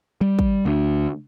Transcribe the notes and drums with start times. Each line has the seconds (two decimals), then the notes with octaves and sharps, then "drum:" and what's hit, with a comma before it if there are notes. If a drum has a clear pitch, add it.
0.21 G3
0.39 drum: kick
0.66 D2